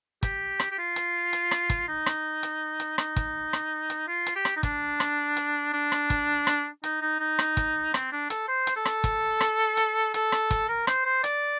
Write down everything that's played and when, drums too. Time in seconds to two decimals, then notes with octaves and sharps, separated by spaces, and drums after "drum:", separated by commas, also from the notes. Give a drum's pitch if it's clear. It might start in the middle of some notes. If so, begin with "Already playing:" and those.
0.23 G4, drum: kick, hi-hat
0.59 drum: rim click
0.71 G4
0.78 F4
0.96 drum: hi-hat
1.33 drum: hi-hat
1.51 drum: rim click
1.70 drum: kick, hi-hat
1.88 D#4
2.06 drum: rim click
2.43 drum: hi-hat
2.80 drum: hi-hat
2.98 D#4, drum: rim click
3.16 drum: kick, hi-hat
3.53 drum: rim click
3.90 drum: hi-hat
4.08 F4
4.27 drum: hi-hat
4.36 G4
4.45 drum: rim click
4.56 D#4
4.63 D4, drum: kick, hi-hat
5.00 drum: rim click
5.37 drum: hi-hat
5.73 D4
5.92 drum: rim click
6.10 drum: kick, hi-hat
6.47 drum: rim click
6.84 D#4, drum: hi-hat
7.02 D#4
7.20 D#4
7.39 drum: rim click
7.57 drum: kick, hi-hat
7.94 C4, drum: rim click
8.12 D4
8.30 A4, drum: hi-hat
8.48 C5
8.67 drum: hi-hat
8.76 A4
8.85 drum: rim click
9.04 drum: kick, hi-hat
9.40 drum: rim click
9.77 drum: hi-hat
10.14 A4, drum: hi-hat
10.32 drum: rim click
10.51 drum: kick, hi-hat
10.69 A#4
10.87 C5, drum: rim click
11.05 C5
11.24 D5, drum: hi-hat